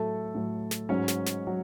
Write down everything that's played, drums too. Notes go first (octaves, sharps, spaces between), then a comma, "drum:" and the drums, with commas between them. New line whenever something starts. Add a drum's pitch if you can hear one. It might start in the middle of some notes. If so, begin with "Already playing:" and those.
Already playing: A2 F#3 A3 A4
A2 F#3
drum: snare
G#2 F#3 C#4 C#5
drum: snare
drum: snare
F#3